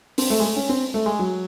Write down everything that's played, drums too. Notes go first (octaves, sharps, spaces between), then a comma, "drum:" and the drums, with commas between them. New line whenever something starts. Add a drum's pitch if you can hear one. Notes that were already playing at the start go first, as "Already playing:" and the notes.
C4, drum: open hi-hat
A3
G#3
A3
C#4
C4
A3
G#3
F#3